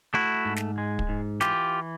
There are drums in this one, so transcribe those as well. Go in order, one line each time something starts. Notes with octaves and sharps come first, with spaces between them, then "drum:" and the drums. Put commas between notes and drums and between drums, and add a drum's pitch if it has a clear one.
A3 E4 F#4
G#2
drum: snare
G#3
drum: kick
G#2
E3 F4 G4, drum: snare